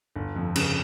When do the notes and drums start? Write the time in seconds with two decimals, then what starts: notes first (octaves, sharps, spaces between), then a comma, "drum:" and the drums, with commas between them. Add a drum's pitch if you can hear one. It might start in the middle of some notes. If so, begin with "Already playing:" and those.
0.16 G1
0.36 F2
0.56 C#3, drum: cymbal